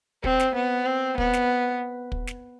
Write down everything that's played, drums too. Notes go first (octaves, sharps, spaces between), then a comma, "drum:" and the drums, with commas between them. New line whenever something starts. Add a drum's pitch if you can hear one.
C4, drum: kick
drum: snare
B3
C4
B3, drum: kick
drum: snare
drum: kick
drum: snare